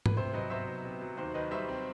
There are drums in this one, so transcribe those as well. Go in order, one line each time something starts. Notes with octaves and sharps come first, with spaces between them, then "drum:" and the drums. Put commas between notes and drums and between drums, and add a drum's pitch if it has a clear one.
B4, drum: tom G#2
C3 C5
F#3 B4 D#5
B3 C5 E5
D#4
C3
F#3
D#2 C5
D#3 B4 D#5
G3 C5 E5
C4